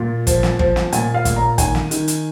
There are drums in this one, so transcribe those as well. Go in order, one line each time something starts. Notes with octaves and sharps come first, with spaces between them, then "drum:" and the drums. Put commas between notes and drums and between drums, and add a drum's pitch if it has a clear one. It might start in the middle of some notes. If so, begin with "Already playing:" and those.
Already playing: A#2
F3, drum: kick, hi-hat
drum: snare
F3, drum: kick
drum: snare
A#2 G#5, drum: hi-hat
F5
A#2, drum: kick, hi-hat
A#5
D#3 G#5, drum: kick, hi-hat
drum: snare
D#3, drum: hi-hat
drum: hi-hat